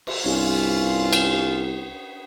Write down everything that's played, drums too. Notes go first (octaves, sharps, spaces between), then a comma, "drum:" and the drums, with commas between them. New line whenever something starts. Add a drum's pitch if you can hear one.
drum: cymbal
C2 G2 C#4 F4
drum: cymbal